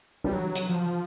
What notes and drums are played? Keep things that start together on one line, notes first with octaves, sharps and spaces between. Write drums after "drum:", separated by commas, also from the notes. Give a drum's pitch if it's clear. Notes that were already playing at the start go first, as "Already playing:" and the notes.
G3, drum: tom
F#3
drum: hi-hat
F3